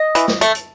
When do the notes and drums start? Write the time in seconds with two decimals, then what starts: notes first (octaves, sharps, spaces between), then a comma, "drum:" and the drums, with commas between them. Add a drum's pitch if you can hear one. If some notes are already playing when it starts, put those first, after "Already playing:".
Already playing: D#5
0.15 E3, drum: hi-hat
0.28 drum: snare
0.41 A3, drum: hi-hat
0.55 drum: hi-hat